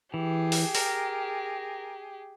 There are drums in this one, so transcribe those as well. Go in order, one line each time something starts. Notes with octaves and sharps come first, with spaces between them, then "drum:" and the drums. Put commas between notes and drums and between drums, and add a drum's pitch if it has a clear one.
E3 G4 G#4
drum: open hi-hat
A#4, drum: open hi-hat